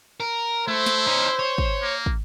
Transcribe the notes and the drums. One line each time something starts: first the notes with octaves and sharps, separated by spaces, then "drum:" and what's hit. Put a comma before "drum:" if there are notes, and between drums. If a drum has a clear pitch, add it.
A#4
A3 E4 C5
drum: snare
C#4 D#4
C#5
drum: kick
A#3
drum: kick